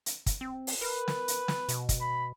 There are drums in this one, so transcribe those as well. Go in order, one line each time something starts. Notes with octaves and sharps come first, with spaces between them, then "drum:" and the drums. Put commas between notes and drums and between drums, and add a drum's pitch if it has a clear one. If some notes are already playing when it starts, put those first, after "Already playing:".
drum: hi-hat
drum: kick, hi-hat
C4
drum: open hi-hat
A#4 B4
drum: snare
drum: hi-hat
drum: snare
B2, drum: hi-hat
drum: kick, hi-hat
B5